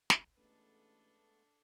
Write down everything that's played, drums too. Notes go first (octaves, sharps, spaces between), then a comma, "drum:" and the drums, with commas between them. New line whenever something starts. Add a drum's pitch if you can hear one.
drum: snare
A1 G#3 A3 B3 D4 A4 B4